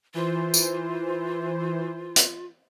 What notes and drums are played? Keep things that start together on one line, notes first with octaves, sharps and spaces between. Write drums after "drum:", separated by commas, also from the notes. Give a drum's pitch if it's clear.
E3 F4 C5
drum: tambourine
drum: hi-hat